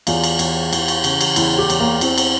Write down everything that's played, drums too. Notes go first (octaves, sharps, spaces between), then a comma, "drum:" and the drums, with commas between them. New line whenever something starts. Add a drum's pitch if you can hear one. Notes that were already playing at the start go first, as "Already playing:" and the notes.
E2 F4, drum: cymbal
drum: cymbal
E2, drum: cymbal
E3, drum: cymbal
drum: cymbal
C#3, drum: cymbal
drum: cymbal
E2 E4, drum: cymbal
G4
E2, drum: cymbal
A#3
E3 C4, drum: cymbal
drum: cymbal